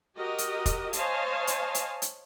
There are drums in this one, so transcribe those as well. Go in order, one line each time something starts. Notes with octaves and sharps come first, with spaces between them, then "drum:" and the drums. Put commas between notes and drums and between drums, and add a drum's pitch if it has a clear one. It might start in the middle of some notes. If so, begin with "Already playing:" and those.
F#4 G4 A#4 D#5
drum: hi-hat
drum: kick F1, hi-hat
C5 C#5 D#5 F5 G#5 A5, drum: hi-hat
drum: hi-hat
drum: hi-hat
drum: hi-hat